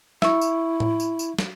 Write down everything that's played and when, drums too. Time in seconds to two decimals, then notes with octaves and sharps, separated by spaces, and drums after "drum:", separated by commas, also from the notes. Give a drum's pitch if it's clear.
0.22 E4 E5 C#6, drum: snare
0.41 drum: tambourine
0.80 drum: tom A2
1.00 drum: tambourine
1.19 drum: tambourine
1.39 drum: snare